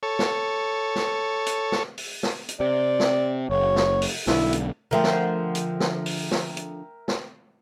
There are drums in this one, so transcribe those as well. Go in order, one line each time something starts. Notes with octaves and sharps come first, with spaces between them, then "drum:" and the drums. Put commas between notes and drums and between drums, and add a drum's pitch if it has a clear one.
A4 C#5
drum: snare
drum: snare
drum: hi-hat
drum: snare
drum: open hi-hat
drum: snare
drum: hi-hat
C3 D5
drum: snare
F#1 C#5
drum: snare
drum: open hi-hat
B1 D3 E4, drum: snare
drum: hi-hat
D3 F3 A3 A#4 E5 G5
drum: snare
drum: hi-hat
drum: snare
drum: open hi-hat
drum: snare
drum: hi-hat
drum: snare